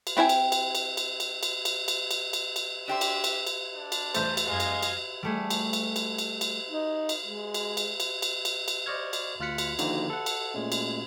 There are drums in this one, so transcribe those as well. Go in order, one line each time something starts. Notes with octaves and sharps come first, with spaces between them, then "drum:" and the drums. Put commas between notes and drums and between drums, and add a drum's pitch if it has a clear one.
drum: cymbal
C4 E4 G5 G#5
drum: cymbal
drum: cymbal
drum: cymbal
drum: cymbal
drum: cymbal
drum: cymbal
drum: cymbal
drum: cymbal
drum: cymbal
drum: cymbal
drum: cymbal
D4 G4 C5 E5
drum: cymbal
drum: cymbal
drum: cymbal
D4
drum: cymbal
E2 A3 C5, drum: cymbal
drum: cymbal
F#2 G#3 D#5 F5 G#6
drum: cymbal
drum: cymbal
G3 A3 G#4
drum: cymbal
drum: cymbal
drum: cymbal
drum: cymbal
drum: cymbal
D#4
drum: cymbal
G#3
drum: cymbal
drum: cymbal
drum: cymbal
drum: cymbal
drum: cymbal
drum: cymbal
C5 D5 D#5 C#6 F6 G#6
drum: cymbal
D2 F4 F6 F#6 B6 C#7
drum: cymbal
D3 D#3 F3 A#3 D#4 F#4, drum: cymbal
A4 F#5
drum: cymbal
A#2 G#3 A3 C#4
drum: cymbal